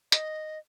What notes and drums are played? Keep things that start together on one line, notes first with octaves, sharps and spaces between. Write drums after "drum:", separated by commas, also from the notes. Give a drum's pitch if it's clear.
D#5, drum: hi-hat